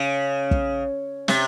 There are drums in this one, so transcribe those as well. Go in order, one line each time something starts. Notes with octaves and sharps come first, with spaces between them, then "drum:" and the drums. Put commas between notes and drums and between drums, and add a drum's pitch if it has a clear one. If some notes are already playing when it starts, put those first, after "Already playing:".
Already playing: C#3
drum: kick
C3, drum: snare